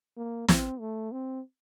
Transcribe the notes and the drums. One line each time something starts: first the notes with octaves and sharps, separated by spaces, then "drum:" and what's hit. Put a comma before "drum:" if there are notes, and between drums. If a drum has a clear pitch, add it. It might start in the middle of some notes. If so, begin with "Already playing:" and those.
A#3
C4, drum: snare
A3
C4